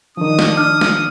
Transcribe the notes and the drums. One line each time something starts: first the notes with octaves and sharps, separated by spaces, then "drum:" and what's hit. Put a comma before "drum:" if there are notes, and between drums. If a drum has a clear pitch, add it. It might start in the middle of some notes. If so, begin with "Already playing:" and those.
D#3 F3 D4 D#6
drum: snare
F6
drum: snare